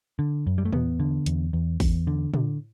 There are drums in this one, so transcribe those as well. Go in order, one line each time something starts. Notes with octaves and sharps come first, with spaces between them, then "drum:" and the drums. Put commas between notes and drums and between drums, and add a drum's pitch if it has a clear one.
D3
F#2
G3
A3
E2 B3, drum: tom
D3
E2, drum: hi-hat
E2
E2, drum: kick, open hi-hat
D3
D3, drum: tom